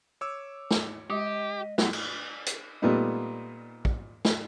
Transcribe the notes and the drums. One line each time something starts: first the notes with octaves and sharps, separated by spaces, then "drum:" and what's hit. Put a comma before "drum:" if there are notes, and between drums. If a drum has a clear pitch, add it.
C#5 D6 E6
drum: snare
G#3 G4 D#5
F#3 G3 B3 E4 F#5, drum: snare
drum: cymbal
drum: hi-hat
A#2 G3 A3 B3 D#4
drum: kick
drum: snare